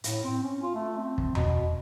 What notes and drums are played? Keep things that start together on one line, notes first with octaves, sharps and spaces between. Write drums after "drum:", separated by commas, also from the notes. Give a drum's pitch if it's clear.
A2, drum: hi-hat
C4
C#4
F4
A3
C4
drum: kick
B2, drum: tom E2